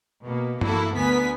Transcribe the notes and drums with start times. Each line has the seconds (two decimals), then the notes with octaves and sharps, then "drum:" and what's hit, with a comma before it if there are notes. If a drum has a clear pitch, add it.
0.24 B2 A#3
0.61 A#3 E4 F#4 A4, drum: tom G2
0.94 D2 B3 A#4 G#5 B6